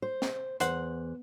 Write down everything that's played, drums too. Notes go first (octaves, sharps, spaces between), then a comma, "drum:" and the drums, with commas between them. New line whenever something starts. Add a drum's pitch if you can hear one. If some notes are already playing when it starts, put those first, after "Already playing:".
C5
drum: snare
E2 C5 F#5, drum: hi-hat